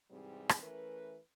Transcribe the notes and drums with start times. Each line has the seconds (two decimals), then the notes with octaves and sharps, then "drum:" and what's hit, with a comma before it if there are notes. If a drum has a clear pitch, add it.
0.10 G#2 C3 E3 G3 G#3 C4
0.49 drum: rim click
0.62 E3 A3 C#4 A#4 B4